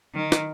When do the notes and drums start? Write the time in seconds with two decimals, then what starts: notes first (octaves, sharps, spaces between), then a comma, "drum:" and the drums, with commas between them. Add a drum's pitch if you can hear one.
0.14 D#3
0.32 drum: snare